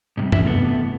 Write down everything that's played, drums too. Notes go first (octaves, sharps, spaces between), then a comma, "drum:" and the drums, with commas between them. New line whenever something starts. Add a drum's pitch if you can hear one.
G#2 C3 G3
D4 F4 E5, drum: tom G2
C3 E3 A3 B3